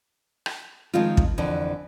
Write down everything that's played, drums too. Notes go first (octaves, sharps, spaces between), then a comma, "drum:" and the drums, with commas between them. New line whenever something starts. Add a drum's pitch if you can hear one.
drum: rim click
D#3 F3 G#3 C4 F4
drum: kick
F2 D3 E3